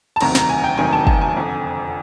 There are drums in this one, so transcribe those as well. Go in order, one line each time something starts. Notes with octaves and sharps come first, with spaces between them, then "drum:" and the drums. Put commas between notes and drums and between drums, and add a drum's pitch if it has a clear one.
A5
E1 D2 C3 D#3 F#3 A#5, drum: cymbal
A#5, drum: snare
G#5
G5
E1 D2 C3 D#3 F#3 G#5
A5
A5, drum: kick
G#5
F1 F2 D3